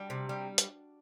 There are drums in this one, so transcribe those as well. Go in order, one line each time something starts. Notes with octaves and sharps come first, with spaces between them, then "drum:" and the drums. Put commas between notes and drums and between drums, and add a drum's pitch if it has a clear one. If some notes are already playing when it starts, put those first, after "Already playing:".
Already playing: G3 D4 F#4
C3
G3
drum: hi-hat